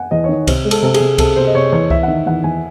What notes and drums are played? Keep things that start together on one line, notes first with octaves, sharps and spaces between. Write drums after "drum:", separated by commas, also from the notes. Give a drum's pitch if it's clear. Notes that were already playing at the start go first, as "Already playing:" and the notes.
Already playing: F#5 G#5
E2 D#5
C#5
D#3 D#5
C3 C5, drum: kick C2, cymbal
G#3
A4, drum: cymbal
C3 A4
G#4, drum: cymbal
C3
C3 A4, drum: kick C2, cymbal
C3 C5
D#5
C3 C#5
E2 C#5
E2 E5, drum: kick C2
F#5
D#3 E5
E2 F#5
E2 G#5